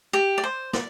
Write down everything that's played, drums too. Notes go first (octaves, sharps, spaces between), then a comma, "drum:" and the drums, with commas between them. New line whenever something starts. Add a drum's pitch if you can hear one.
G4
D5
C5
D5, drum: snare